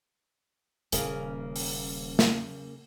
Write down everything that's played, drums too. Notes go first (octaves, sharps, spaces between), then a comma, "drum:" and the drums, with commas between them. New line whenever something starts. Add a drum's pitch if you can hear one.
D#1 A#2 C#3 A#3, drum: hi-hat
drum: open hi-hat
drum: snare